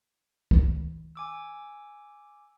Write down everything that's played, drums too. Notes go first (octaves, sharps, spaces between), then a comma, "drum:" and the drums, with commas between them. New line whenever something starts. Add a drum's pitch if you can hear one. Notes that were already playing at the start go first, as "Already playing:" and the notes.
drum: kick
G#5 D6 E6